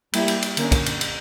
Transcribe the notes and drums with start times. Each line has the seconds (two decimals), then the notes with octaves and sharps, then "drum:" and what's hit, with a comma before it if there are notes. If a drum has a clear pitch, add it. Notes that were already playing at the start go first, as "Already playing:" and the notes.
0.13 G3 A#3 E4 G4, drum: cymbal
0.28 drum: cymbal
0.42 drum: cymbal
0.57 D3 A#3 C#4, drum: cymbal
0.72 drum: kick, cymbal
0.86 drum: cymbal
1.01 drum: cymbal